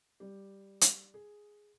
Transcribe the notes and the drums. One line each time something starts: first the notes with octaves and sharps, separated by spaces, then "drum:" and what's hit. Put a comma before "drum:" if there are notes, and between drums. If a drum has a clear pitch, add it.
G3 G4
drum: hi-hat
G#4